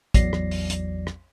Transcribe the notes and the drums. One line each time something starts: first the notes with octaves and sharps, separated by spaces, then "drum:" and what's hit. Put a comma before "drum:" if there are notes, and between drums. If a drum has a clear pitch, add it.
A1 E2 F#3 D5 A#6 C7, drum: kick, hi-hat
drum: rim click
drum: open hi-hat
drum: hi-hat
drum: rim click